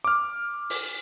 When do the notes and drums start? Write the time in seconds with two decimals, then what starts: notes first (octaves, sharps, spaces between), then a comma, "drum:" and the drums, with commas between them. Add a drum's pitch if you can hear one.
0.04 D6 F6
0.70 drum: open hi-hat